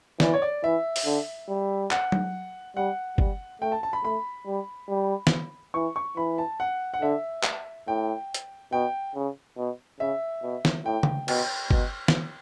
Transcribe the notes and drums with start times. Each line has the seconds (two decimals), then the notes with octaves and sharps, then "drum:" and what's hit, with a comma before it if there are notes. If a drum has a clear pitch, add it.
0.20 E3 D5, drum: snare
0.33 C#5
0.42 D5
0.63 E3 E5
0.96 drum: open hi-hat
1.06 D3
1.48 G3
1.91 F#5, drum: clap
2.12 drum: tom F#3
2.77 G3 F#5
3.18 G3, drum: kick G1
3.62 A3 G5
3.72 A5
3.83 A5
3.93 B5
4.04 A3 B5
4.47 G3
4.89 G3
5.27 drum: snare
5.74 E3 C#6
5.96 C#6
6.17 E3 B5
6.38 A5
6.60 F#5
6.94 F#5
7.02 D3 E5
7.43 drum: clap
7.88 A2 G5
8.34 drum: hi-hat
8.72 B2 G5
9.16 C#3
9.57 B2
10.00 C#3 E5
10.43 B2
10.65 drum: snare
10.85 A2 G5
11.03 drum: tom C#3
11.28 B2 G5, drum: cymbal
11.71 B2, drum: kick G1
12.08 drum: snare